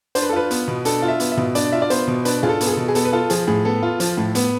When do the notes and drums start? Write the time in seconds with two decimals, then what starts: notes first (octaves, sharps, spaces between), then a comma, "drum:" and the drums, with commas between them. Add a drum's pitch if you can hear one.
0.15 D4 C5, drum: hi-hat
0.22 B4
0.29 A4
0.33 F4 B4
0.51 B3, drum: hi-hat
0.68 B2
0.85 D4 A4, drum: hi-hat
1.02 F4
1.08 E5
1.20 B3, drum: hi-hat
1.32 E5
1.37 B2, drum: tom G#2
1.55 D4 D5, drum: hi-hat
1.72 F4 E5
1.82 D5
1.90 B3 C5, drum: hi-hat
2.07 B2
2.25 D4 B4, drum: hi-hat
2.43 F4 G#4, drum: tom G#2
2.49 A4
2.61 B3, drum: hi-hat
2.67 G#4
2.72 A4
2.77 B2
2.88 G#4
2.95 B3 A4, drum: hi-hat
3.05 B4
3.13 F4 A4
3.30 F3 G#4, drum: hi-hat
3.47 A2 G#4
3.65 B3 A4
3.83 F4
4.00 F3, drum: hi-hat
4.17 A2
4.35 B3, drum: hi-hat